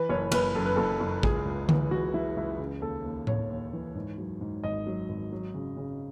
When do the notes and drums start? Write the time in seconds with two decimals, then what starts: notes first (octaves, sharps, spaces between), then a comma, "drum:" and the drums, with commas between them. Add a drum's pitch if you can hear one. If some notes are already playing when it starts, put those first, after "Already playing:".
Already playing: E3 B4
0.10 F#1 C#5
0.32 F#1 B4, drum: cymbal
0.55 F#2 A4
0.66 B4
0.76 F#1 A4
1.00 F#1
1.23 C#2 G#4, drum: kick A1
1.45 C#2
1.69 E3, drum: tom D3
1.91 C#2 F#4
2.14 E3 E4
2.37 C#2 E4
2.59 C#3
2.81 D#2 A4
3.05 D#2
3.27 D#2 C#5, drum: tom A2
3.50 D#2
3.73 E3
3.95 G#2
4.18 F#3
4.41 G#2
4.64 G#1 D#5
4.87 F#3
5.09 G#1
5.32 F#3
5.54 C#3
5.77 C#3